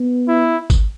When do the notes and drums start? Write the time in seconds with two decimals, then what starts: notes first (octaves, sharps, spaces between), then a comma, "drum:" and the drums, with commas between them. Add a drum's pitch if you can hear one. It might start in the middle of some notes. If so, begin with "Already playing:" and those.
Already playing: B3
0.28 E4
0.70 drum: kick, tambourine